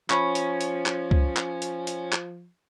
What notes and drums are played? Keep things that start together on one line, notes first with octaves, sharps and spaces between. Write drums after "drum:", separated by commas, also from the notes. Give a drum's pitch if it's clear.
F3 C#4 B5 C#6, drum: clap
drum: hi-hat
drum: hi-hat
drum: clap
drum: kick C#2
drum: clap
drum: hi-hat
drum: hi-hat
drum: clap